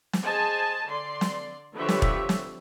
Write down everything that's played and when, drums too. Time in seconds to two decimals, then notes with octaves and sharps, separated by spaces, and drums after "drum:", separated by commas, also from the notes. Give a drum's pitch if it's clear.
0.13 drum: snare
0.23 G#4 C5 D#5 G#5 A5
0.88 D3 D5 C6
1.21 drum: snare
1.75 D3 F3 G4 B4 C#5 E5
1.89 drum: snare
2.02 drum: kick E1
2.29 drum: snare